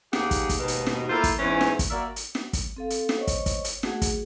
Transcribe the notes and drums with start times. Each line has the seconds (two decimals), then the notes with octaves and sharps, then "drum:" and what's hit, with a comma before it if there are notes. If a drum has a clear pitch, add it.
0.13 D#2 A#3 G4 G#4 F#5, drum: snare
0.31 drum: kick, hi-hat
0.49 drum: kick, hi-hat
0.58 D#2 G#2 B2
0.68 drum: hi-hat
0.86 drum: snare
1.09 A#3 E4 F4 A4 C5
1.24 drum: kick, hi-hat
1.39 E2 G#2 E3 C4 C#4
1.61 drum: snare
1.79 drum: kick, hi-hat
1.90 A#3 F#4 A#4 D5 E5
2.16 drum: hi-hat
2.35 drum: snare
2.53 drum: kick, hi-hat
2.76 C4 A4 F5
2.90 drum: hi-hat
3.09 drum: snare
3.18 C5 C#5 D#5 C#6
3.27 drum: kick, hi-hat
3.46 drum: kick, hi-hat
3.65 drum: hi-hat
3.83 A3 F#4 G#4 F#5, drum: snare
4.02 drum: kick, hi-hat